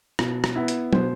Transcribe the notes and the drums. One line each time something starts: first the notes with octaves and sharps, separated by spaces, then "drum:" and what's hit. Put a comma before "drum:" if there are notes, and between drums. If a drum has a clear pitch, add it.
B2, drum: rim click
drum: rim click
B3 E4
drum: hi-hat
B2 C5, drum: tom